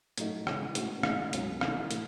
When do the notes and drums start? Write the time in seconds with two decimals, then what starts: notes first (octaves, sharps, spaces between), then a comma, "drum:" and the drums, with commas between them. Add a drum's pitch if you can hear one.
0.18 A2 F#3 A3 D#4 F#4, drum: hi-hat
0.47 C#3 G#3 C#4 E4, drum: rim click
0.75 A2 G#3 C#4 F#4, drum: hi-hat
1.03 A2 G#3 D#4, drum: rim click
1.33 C#2 B2 F#3 C#4, drum: hi-hat
1.61 D#3 A3 E4, drum: rim click
1.91 A2 E3 A3, drum: hi-hat